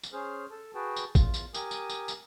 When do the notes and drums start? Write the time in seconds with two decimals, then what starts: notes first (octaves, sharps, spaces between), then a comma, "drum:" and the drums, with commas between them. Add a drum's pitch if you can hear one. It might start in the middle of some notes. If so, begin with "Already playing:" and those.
0.03 drum: tambourine
0.13 C#4 G#4 C5 F6
0.51 A4 A5
0.75 F#4 G#4 B4 G5 A5
0.96 drum: tambourine
1.15 E2 F4, drum: kick A1, tambourine
1.34 drum: tambourine
1.54 G4 A#4 G#5 D#6, drum: tambourine
1.71 drum: tambourine
1.89 drum: tambourine
2.08 drum: tambourine